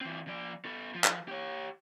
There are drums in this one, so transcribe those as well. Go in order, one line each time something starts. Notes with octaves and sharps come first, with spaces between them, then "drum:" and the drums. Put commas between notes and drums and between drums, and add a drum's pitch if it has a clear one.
E3 C4
F3 D5
B3 A4
F3
drum: clap
G4 C#5